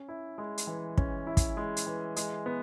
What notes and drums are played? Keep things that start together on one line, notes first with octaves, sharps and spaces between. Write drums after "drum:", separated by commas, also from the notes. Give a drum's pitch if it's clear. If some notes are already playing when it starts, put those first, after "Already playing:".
Already playing: C#4
E4
G#3
drum: hi-hat
E3
C#4, drum: kick
E4
drum: kick, hi-hat
G#3
drum: hi-hat
E3
G#3, drum: hi-hat
B3